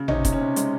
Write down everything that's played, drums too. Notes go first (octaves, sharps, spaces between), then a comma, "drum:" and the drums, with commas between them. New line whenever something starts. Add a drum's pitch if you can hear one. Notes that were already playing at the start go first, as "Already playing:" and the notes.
Already playing: C#3
C3 C#4 D#4, drum: tom A1
C3, drum: kick F1, hi-hat
C#4
C3
G#3, drum: hi-hat